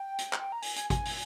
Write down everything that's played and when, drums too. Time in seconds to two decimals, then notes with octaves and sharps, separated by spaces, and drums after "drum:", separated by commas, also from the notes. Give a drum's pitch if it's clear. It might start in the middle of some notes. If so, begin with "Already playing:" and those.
Already playing: G5
0.18 drum: hi-hat
0.33 drum: clap
0.52 A#5
0.62 G#5, drum: open hi-hat
0.76 G#5, drum: hi-hat
0.90 G#5, drum: kick, hi-hat
1.05 drum: open hi-hat